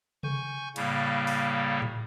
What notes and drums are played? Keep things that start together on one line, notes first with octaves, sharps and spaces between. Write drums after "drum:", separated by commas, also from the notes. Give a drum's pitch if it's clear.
G#5 C#6 G6, drum: tom C3
A2 C#3 G3 A#3, drum: cymbal
drum: open hi-hat
drum: tom A2